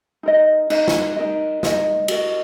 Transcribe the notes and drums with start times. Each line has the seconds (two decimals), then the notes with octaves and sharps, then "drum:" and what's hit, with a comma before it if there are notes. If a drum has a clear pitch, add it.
0.23 D#4 A#4 D#5
0.70 D#4 A#4 D#5, drum: cymbal
0.88 drum: snare
1.16 D#4 A#4 D#5
1.63 D#4 A#4 D#5, drum: snare
2.08 F#4 A#4 D#5, drum: cymbal